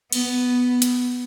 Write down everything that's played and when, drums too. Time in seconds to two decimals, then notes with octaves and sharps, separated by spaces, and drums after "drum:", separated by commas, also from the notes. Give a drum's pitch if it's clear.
0.13 B3, drum: cymbal
0.82 drum: hi-hat